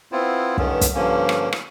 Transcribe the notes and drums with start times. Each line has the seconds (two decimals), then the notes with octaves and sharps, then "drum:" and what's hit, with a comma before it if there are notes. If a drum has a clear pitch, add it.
0.12 B3 C4 E4 F4
0.58 G2 D3 D#3 B3 C#4, drum: kick
0.81 drum: kick, hi-hat
0.94 G2 D3 F3 A#3 C#4
1.29 drum: rim click
1.53 drum: rim click